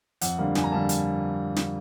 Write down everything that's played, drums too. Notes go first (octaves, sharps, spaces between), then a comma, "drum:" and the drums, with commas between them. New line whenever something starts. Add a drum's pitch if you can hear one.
F2 F#5, drum: hi-hat
D3 G3 A#3
F2 G#5, drum: snare
A#5
D3 G3 A#3 A5
drum: hi-hat
drum: snare